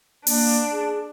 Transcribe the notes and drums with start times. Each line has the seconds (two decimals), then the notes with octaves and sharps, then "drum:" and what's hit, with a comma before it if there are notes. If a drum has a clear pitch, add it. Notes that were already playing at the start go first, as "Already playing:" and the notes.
0.27 A#3 D4, drum: open hi-hat
0.72 G#4